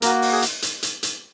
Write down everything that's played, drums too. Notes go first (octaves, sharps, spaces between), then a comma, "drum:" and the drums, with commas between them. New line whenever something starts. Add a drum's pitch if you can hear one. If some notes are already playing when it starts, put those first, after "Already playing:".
A#3 F#4 A#4, drum: hi-hat
drum: open hi-hat
G#4
drum: hi-hat
drum: hi-hat
drum: hi-hat
drum: hi-hat